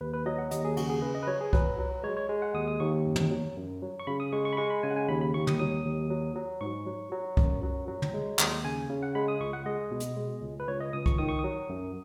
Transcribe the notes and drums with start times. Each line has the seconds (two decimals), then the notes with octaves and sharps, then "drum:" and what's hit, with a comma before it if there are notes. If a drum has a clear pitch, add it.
0.01 D#2 B4
0.13 B4
0.26 F#3 D#5
0.39 F#5
0.51 D#2 D#5, drum: hi-hat
0.65 G#4
0.77 C#3 F#4, drum: cymbal
0.90 G#4
1.02 C#3 B4
1.15 D#5
1.23 B4
1.27 F#3 C#5
1.41 G#4
1.53 F#3 B4, drum: kick C2
1.78 F#3
2.03 G#3 C#5
2.17 C#5
2.29 G#3
2.42 F#5
2.54 D#2 D#6
2.68 D#6
2.80 D#2 C#6
3.06 F#2
3.16 drum: tom
3.31 F#3
3.56 F#2
3.82 F#3
3.99 C#6
4.07 C#3 B5
4.20 D#6
4.32 G#3 C#6
4.45 C#6
4.53 B5
4.57 G#3 C#6
4.70 B5
4.83 C#3 G#5
4.90 F#5
4.96 G#5
5.09 D#2 B5
5.21 B5
5.34 D#2 C#6
5.47 D#6, drum: tom
5.59 F#3 D#6
5.85 D#2
6.10 F#3
6.35 F#3
6.61 G#2 C#6
6.86 F#3
7.11 F#3
7.37 F#2, drum: kick C2
7.63 F#3
7.88 F#3
8.02 drum: tom
8.14 G#3
8.39 D#2, drum: clap
8.64 C#3 G#5
8.90 C#3
9.03 F#5
9.15 G#3 B5
9.28 D#6
9.40 C#2 C#6
9.53 F#5
9.66 G#3 D#5
9.91 B2
10.00 drum: hi-hat
10.17 G#3
10.42 C#2
10.60 B4
10.67 C#2 C#5
10.80 D#5
10.93 C#2 D#6
11.06 C#6, drum: kick C2
11.18 D#3 D#6
11.29 C#6
11.39 F#3 D#6
11.69 F#2